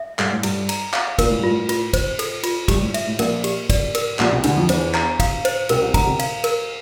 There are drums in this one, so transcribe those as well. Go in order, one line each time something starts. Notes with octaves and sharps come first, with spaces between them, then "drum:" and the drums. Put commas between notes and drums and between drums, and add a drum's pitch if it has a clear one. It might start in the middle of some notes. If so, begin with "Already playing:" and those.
Already playing: E5
G2 A4, drum: clap
A2
G2 E4, drum: cymbal
A#5, drum: cymbal
F5, drum: clap
A#2 A#4, drum: kick, cymbal
A2
G2 F4
A2
F4, drum: cymbal
C5, drum: kick, cymbal
A4, drum: cymbal
F4, drum: cymbal
G2 G4, drum: kick, cymbal
A2
E5, drum: cymbal
A2
A#1 A#2 A#4, drum: cymbal
G4, drum: cymbal
D5, drum: kick, cymbal
A#4, drum: cymbal
A#1 A#2 G4, drum: clap
C2 C3
D2 D3 D4, drum: cymbal
F2 F3
E2 E3 C5, drum: cymbal
A#5, drum: clap
F5, drum: kick, cymbal
C5, drum: cymbal
C2 C3 A#4, drum: cymbal
C2 C3
D2 D3 A#5, drum: kick, cymbal
C3 C4
F5, drum: cymbal
A#4, drum: cymbal